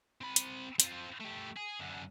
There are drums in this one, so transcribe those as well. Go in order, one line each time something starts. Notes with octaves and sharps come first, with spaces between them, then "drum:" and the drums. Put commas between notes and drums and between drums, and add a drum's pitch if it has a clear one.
C4 B5
drum: hi-hat
C4 F4, drum: hi-hat
A3 G4
G#4
F#2 D3